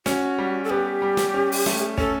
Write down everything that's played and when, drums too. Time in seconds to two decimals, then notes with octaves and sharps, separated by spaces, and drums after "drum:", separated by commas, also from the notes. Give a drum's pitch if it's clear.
0.06 C#4 F#4, drum: snare
0.38 G3
0.64 A4
0.70 B3 G4
1.02 G3
1.17 drum: snare
1.34 C#4
1.52 drum: open hi-hat
1.66 A3, drum: snare
1.98 C#4 A4, drum: kick